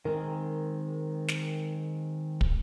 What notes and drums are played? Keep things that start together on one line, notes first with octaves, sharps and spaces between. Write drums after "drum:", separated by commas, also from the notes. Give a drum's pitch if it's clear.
D#3 G#3 C4 A#4
drum: snare
drum: kick